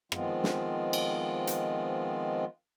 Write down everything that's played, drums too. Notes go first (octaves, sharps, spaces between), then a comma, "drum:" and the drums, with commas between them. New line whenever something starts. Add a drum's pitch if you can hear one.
D#3 F3 G#3 B3 C4 F4, drum: rim click
drum: snare
drum: cymbal
drum: hi-hat